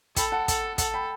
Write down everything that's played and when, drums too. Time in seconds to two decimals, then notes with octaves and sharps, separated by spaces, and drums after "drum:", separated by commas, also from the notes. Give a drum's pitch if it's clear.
0.17 A4 G5 B5, drum: kick, hi-hat
0.32 F#5 A5
0.48 A4, drum: kick, hi-hat
0.78 A4 F#5 A5, drum: kick, hi-hat
0.94 G5 B5